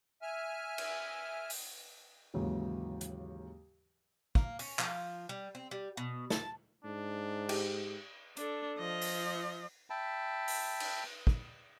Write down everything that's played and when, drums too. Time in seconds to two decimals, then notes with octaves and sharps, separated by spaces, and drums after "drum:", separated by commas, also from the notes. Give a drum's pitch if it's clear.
0.22 E5 G#5 F6
0.78 drum: cymbal
1.50 drum: open hi-hat
2.34 D#2 G#2 C#3 E3 F#3
3.01 drum: hi-hat
4.35 A#3, drum: kick
4.59 C#4, drum: open hi-hat
4.79 F3, drum: clap
5.29 G3
5.55 C4
5.71 G3
5.97 B2
6.30 A5, drum: snare
6.84 G#2 D4
7.49 G4, drum: cymbal
8.37 D4 A4, drum: hi-hat
8.79 F3 D#5
9.01 drum: open hi-hat
9.90 E5 G5 A5 B5
10.48 drum: open hi-hat
10.80 drum: cymbal
11.27 drum: kick